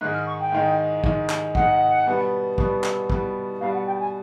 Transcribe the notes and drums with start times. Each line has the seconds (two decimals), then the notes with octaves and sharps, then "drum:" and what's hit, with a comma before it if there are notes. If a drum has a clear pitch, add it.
0.01 G#2 D#3 G#3 F#6
0.14 F6
0.26 C#6
0.40 G5
0.52 G#2 D#3 G#3
1.04 G#2 D#3 G#3, drum: kick
1.29 drum: clap
1.55 G#2 D#3 G#3 F#5, drum: kick
2.06 B2 G3 B3
2.58 B2 G3 B3, drum: kick
2.84 drum: clap
3.10 B2 G3 B3, drum: kick
3.60 B2 G3 B3 F5
3.73 F#5
3.86 G5
4.00 G#5